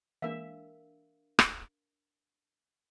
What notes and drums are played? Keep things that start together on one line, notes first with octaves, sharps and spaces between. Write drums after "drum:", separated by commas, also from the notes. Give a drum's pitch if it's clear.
E3 G#3 A#3 D4 A#4 E5 F5
drum: rim click